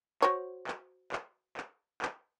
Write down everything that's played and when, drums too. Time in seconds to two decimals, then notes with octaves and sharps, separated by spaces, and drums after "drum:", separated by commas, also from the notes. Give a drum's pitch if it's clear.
0.22 F#4 C5 C#5, drum: clap
0.67 drum: clap
1.12 drum: clap
1.57 drum: clap
2.02 drum: clap